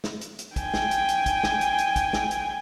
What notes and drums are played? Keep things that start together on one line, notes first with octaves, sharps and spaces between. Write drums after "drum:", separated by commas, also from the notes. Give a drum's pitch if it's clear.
drum: snare
drum: hi-hat
drum: hi-hat
G5 G#5, drum: kick, hi-hat
drum: snare
drum: hi-hat
drum: hi-hat
drum: kick, hi-hat
drum: snare
drum: hi-hat
drum: hi-hat
drum: kick, hi-hat
drum: snare
drum: hi-hat